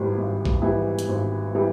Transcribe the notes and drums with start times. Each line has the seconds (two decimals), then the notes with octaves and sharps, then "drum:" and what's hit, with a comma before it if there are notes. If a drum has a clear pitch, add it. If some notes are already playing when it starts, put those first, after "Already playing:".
Already playing: G#1 G#2 E3 G3
0.17 G#1
0.45 drum: kick A#1
0.62 G#2 E3 G3
0.99 drum: hi-hat
1.08 G#1
1.55 E3 G3